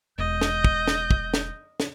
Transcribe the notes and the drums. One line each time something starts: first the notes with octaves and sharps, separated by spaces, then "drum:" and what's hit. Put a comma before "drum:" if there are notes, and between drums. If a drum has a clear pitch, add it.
E1 D#5 G6
drum: snare
drum: kick
drum: snare
drum: kick
drum: snare
drum: snare